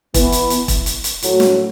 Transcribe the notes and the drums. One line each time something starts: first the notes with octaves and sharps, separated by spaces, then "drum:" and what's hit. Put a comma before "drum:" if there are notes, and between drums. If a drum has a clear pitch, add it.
E3 B3 E4, drum: kick E1, hi-hat
drum: hi-hat
drum: hi-hat
drum: kick E1, hi-hat
drum: hi-hat
drum: hi-hat
A2 F#3 A3 F#4, drum: hi-hat
drum: snare